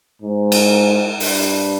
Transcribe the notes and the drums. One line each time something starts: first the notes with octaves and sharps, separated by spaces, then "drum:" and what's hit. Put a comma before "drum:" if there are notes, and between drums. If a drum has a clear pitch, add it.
G#2
drum: cymbal
G2, drum: open hi-hat